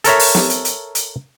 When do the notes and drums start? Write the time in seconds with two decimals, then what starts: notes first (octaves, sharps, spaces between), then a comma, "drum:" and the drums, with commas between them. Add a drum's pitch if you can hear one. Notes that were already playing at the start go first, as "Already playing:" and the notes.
0.04 A4 A#4 C#5 E5, drum: hi-hat
0.19 drum: open hi-hat
0.35 drum: snare
0.50 drum: hi-hat
0.65 drum: hi-hat
0.95 drum: hi-hat